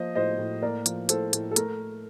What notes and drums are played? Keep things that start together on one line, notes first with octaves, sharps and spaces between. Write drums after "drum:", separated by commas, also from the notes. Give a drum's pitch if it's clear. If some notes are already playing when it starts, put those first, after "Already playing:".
Already playing: F3 A#3 C5 D#5
A2 C5 D#5
A2
A#3 A#4 D5
F3, drum: hi-hat
A2 A4 C5, drum: hi-hat
A2, drum: hi-hat
A4
A3 A#4, drum: hi-hat